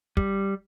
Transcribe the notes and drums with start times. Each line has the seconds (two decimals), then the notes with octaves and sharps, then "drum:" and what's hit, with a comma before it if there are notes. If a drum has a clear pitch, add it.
0.17 G3, drum: kick